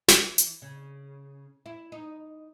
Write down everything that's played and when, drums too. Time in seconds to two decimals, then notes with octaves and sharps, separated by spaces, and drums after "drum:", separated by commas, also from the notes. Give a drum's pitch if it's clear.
0.08 E3, drum: snare
0.38 drum: hi-hat
0.62 C#3
1.66 E4
1.92 D#4